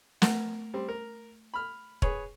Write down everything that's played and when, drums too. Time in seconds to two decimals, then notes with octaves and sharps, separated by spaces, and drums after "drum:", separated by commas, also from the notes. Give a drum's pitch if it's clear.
0.22 A3 A#4, drum: snare
0.74 G3 C4
0.89 A#4
1.54 B5 F6
2.02 G#4 B4 C#5, drum: kick